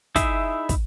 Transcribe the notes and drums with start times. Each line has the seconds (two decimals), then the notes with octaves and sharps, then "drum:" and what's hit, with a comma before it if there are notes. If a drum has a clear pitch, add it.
0.16 D#4 E4 G#4 E5, drum: kick, hi-hat
0.69 drum: kick, hi-hat